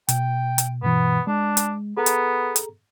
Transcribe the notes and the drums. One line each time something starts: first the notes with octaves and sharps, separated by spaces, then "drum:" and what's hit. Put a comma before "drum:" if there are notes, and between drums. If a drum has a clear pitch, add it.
B2 G5, drum: hi-hat
drum: hi-hat
G2 B2 E3 B3
G#3 D4
drum: hi-hat
B3 G#4 A4 A#5
drum: hi-hat
drum: hi-hat